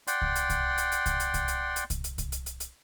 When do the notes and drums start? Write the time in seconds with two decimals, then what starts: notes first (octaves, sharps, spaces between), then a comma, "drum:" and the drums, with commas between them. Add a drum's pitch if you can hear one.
0.08 D5 F#5 G5 C6, drum: hi-hat
0.22 drum: kick C2
0.36 drum: hi-hat
0.50 drum: kick C2, hi-hat
0.78 drum: hi-hat
0.92 drum: hi-hat
1.06 drum: kick C2, hi-hat
1.20 drum: hi-hat
1.34 drum: kick C2, hi-hat
1.48 drum: hi-hat
1.76 drum: hi-hat
1.90 drum: kick C2, hi-hat
2.04 drum: hi-hat
2.18 drum: kick C2, hi-hat
2.32 drum: hi-hat
2.46 drum: hi-hat
2.60 drum: hi-hat